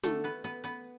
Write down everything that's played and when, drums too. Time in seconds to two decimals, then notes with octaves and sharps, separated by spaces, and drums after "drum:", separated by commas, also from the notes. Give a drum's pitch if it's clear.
0.03 D3 A3 A4, drum: snare
0.24 B3 B4
0.44 B3 B4
0.64 B3 B4